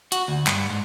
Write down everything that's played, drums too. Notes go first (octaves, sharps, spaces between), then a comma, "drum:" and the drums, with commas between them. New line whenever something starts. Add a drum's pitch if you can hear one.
F#4, drum: hi-hat
D2
G2, drum: clap
G#2